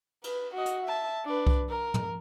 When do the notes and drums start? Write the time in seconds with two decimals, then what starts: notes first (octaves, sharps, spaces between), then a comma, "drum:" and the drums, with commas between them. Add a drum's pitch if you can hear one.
0.24 B4, drum: cymbal
0.54 F#4 D#5
0.66 drum: hi-hat
0.84 E5 A5
1.25 D4 B4
1.47 drum: kick C2
1.69 A#4
1.94 drum: tom